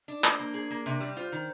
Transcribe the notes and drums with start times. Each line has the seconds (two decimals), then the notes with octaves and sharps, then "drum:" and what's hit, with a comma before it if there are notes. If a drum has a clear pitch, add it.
0.08 D4
0.20 D#4
0.24 D4 C5, drum: clap
0.40 A#3
0.54 G#4
0.71 A#3
0.86 C3
1.00 G3
1.16 F4 C5
1.32 D#3